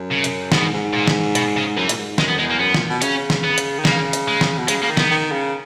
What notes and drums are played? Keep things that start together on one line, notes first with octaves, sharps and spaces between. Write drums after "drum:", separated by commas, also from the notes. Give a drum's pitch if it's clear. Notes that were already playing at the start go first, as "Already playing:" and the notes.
Already playing: F#2
C#3
drum: hi-hat
G#2 B2, drum: snare
G#2
A#2
drum: snare
B2, drum: hi-hat
C#3
F#2 E3
A#2, drum: hi-hat
G#2
F#2 G#3, drum: snare
B3
E2 G#3
A#3
F#2 B3
A#2, drum: snare
B2
C#3 C#4, drum: hi-hat
drum: snare
B3
drum: hi-hat
D#3
C#3 A#3, drum: snare
drum: hi-hat
G#3
drum: snare
B2
C#3 G#3, drum: hi-hat
C#3 A#3
D#3
B3, drum: snare
D#3
C#3